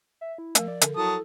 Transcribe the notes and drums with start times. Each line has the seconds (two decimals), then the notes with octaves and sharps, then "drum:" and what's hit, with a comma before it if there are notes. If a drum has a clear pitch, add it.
0.21 E5
0.38 E4
0.55 F3 A3 A#4 F5, drum: hi-hat
0.68 D5
0.81 D3 A4 A#4, drum: hi-hat
0.97 F#3 E4 A4 A5 D#6